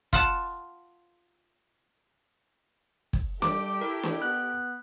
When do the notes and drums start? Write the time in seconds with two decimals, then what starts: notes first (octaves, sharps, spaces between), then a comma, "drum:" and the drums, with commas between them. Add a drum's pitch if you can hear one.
0.13 F4 F#5 A5, drum: kick
3.13 drum: kick
3.42 G3 A3 G4 D6, drum: snare
3.81 E4 A#4
4.03 drum: snare
4.22 B3 F#6